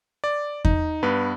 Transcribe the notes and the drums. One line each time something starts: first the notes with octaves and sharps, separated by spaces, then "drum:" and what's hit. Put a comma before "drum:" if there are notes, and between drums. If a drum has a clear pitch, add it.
D5
D#4, drum: kick E2
G2 B3 B4